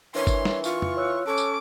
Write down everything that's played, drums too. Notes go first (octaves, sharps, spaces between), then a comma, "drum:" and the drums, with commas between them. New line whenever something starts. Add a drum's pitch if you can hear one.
E3 D4 A#4 C#5 E5 C6
drum: kick G1, tambourine
drum: snare
F4 C#6, drum: tambourine
drum: tom F2
C#5 E6 F#6
C#4 A4 D6
drum: tambourine